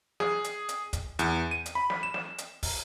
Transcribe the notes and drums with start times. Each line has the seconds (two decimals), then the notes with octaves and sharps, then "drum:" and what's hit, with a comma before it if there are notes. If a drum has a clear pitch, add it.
0.20 G#4, drum: snare
0.44 drum: hi-hat
0.69 drum: hi-hat
0.93 drum: kick, hi-hat
1.19 E2, drum: hi-hat
1.51 D#7
1.66 drum: hi-hat
1.75 B5
1.90 drum: snare
2.03 E7
2.14 drum: snare
2.38 drum: hi-hat
2.63 drum: kick, open hi-hat